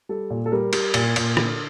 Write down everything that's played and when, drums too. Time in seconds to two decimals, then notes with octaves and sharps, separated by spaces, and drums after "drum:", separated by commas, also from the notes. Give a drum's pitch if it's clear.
0.09 G3 A4
0.30 A#2
0.46 A4
0.52 G3 A#4
0.73 G3, drum: cymbal
0.94 A#2, drum: cymbal
1.16 A#2, drum: cymbal
1.37 D3, drum: rim click